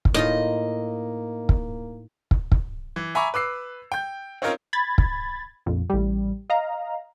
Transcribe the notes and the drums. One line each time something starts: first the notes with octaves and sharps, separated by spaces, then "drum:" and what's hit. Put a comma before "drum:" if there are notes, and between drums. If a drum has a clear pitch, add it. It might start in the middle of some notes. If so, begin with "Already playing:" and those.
drum: kick
A2 A#3 D#4 F4 D#5
drum: kick
drum: kick
drum: kick
E3
E5 G#5 A#5 B5 C#6 D6
B4 D6 E6 C7
G5 G6
C4 C#4 D#4 F4 A#4 C#5
B5 G#6 A6
drum: kick
A#1 F2
A1 G3
D#5 F5 A#5